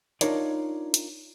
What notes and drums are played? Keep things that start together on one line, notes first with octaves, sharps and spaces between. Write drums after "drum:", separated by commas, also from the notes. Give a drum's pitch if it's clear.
D4 D#4 F4 A#4 C#5 D5, drum: hi-hat
drum: hi-hat